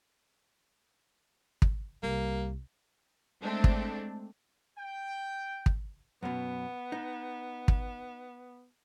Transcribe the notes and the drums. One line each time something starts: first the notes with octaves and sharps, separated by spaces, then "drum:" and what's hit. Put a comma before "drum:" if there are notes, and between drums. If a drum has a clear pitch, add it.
drum: kick
C2 G3 A#3
G#3 A3 C4 D4
drum: kick
G5
drum: kick
F#2 B2 B3
D#4
drum: kick